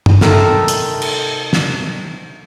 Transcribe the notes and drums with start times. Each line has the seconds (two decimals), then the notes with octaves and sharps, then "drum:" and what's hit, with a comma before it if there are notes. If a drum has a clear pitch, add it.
0.06 drum: tom
0.21 C3 D#3 A3 A4 A#4, drum: snare
0.68 drum: hi-hat
1.02 drum: cymbal
1.53 drum: snare